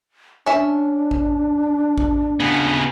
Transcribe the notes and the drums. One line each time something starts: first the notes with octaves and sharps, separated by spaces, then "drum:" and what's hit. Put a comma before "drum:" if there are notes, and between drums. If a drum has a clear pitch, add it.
C#4 D4 E5
drum: kick A1
drum: kick A1
C#3 B3